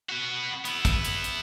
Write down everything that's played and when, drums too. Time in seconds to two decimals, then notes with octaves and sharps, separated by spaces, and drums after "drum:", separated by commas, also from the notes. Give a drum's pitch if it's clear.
0.09 B3 F#4
0.65 B3 E4, drum: hi-hat
0.85 drum: kick, hi-hat
1.05 drum: hi-hat
1.24 drum: hi-hat